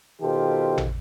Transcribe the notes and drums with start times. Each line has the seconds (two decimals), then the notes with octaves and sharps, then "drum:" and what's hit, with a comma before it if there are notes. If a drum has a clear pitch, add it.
0.21 B2 D#3 F4 G4 A4 C5
0.78 drum: tom A1